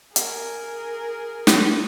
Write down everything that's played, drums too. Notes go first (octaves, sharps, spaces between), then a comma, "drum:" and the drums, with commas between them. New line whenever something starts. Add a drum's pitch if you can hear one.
G#4 A#4, drum: hi-hat
drum: snare